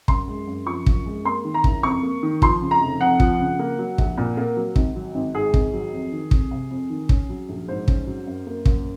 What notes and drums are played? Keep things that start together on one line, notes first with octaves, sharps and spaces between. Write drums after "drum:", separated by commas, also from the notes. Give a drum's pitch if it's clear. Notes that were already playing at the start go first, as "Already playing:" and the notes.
F#2 C6, drum: kick
G#3
F#2
F3 C#6
F#2, drum: kick
G#3
A#3 C6
D#3
A#5
F#1, drum: kick
F2 C#6
A#3
D#3
F3 C6, drum: kick
C#3
A#5
F1
F2 F#5
F3, drum: kick
C#3
A#3
F#3
A#1, drum: kick
A#2
A#3
F#3
G#1, drum: kick
F#3
G#1
G#2 G#4
G#1, drum: kick
F#3
F2
D#3
F2, drum: kick
C3
F2
D#3
C#4, drum: kick
F#3
A#1
G#2 C5
C#4, drum: kick
F#3
F#2
A#3
F#2, drum: kick